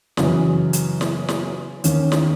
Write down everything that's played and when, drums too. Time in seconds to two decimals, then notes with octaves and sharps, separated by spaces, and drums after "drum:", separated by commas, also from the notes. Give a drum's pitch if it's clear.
0.17 F#2 C#3 E3, drum: snare
0.73 drum: hi-hat
1.01 drum: snare
1.28 drum: snare
1.84 D#2 D#3 A#3 C#4, drum: hi-hat
2.12 drum: snare